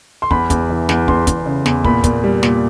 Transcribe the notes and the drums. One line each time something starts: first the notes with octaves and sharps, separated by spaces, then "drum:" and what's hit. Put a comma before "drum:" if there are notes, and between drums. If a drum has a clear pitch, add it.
C6
E2 B5, drum: kick
E2, drum: kick, hi-hat
E3
E2, drum: snare
E2 C6, drum: kick
E2, drum: kick, hi-hat
C#3
E2, drum: snare
A#2 B5, drum: kick
A#2, drum: kick, hi-hat
G3
A#2, drum: snare